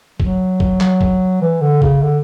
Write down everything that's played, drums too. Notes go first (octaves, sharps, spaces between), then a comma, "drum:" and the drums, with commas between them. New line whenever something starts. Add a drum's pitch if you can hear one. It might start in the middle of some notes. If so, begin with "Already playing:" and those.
F#3, drum: kick
drum: kick
F#3, drum: clap
drum: kick
E3
D3
C#3, drum: kick
D3